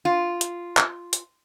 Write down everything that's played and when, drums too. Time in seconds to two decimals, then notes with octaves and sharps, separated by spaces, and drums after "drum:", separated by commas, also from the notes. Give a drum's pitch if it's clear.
0.05 F4
0.41 drum: hi-hat
0.77 drum: clap
1.13 drum: hi-hat